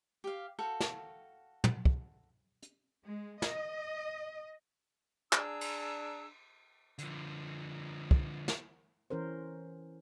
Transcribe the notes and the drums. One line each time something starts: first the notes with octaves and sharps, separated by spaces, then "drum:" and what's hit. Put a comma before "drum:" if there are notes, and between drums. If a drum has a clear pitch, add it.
G4 F5
F#4 A4 F5 G5
drum: snare
drum: tom
drum: kick
drum: hi-hat
G#3
D#5, drum: snare
D4 G#4 A#5 E6, drum: clap
drum: cymbal
D3 F3, drum: hi-hat
drum: kick
drum: snare
E3 C#4 A#4 C5